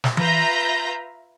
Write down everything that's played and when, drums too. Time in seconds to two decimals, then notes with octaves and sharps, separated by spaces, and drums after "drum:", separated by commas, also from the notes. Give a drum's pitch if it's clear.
0.04 drum: snare
0.17 F4 B4 E5 A#5 G6 A#6, drum: tom E3